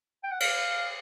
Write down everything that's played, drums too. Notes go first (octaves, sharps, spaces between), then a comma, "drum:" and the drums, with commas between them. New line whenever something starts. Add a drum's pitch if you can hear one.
G5
F#5
F5, drum: cymbal